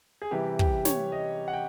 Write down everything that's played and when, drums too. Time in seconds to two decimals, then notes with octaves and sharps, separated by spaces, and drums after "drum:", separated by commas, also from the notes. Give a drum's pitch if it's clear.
0.22 G#4
0.31 C3 E3 G3 G4
0.59 G4, drum: kick
0.85 C#5, drum: snare
1.12 D#5
1.48 F#5
1.53 G5